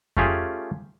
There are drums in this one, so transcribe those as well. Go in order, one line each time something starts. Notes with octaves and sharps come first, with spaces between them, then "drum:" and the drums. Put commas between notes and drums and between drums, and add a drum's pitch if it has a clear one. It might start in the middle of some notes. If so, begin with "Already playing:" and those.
A3 C#4 F4 G4 G#4, drum: kick F2